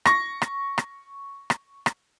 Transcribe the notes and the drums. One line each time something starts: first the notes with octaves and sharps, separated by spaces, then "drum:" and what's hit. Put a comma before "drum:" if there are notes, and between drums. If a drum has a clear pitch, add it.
C#6 A#6, drum: rim click
drum: rim click
drum: rim click
drum: rim click
drum: rim click